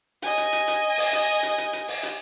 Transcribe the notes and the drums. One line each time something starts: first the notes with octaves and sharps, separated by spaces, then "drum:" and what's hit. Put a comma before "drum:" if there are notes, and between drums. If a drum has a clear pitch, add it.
D#5 G#5, drum: hi-hat
drum: hi-hat
drum: hi-hat
drum: hi-hat
drum: open hi-hat
drum: hi-hat
drum: hi-hat
drum: hi-hat
drum: hi-hat
drum: open hi-hat
drum: hi-hat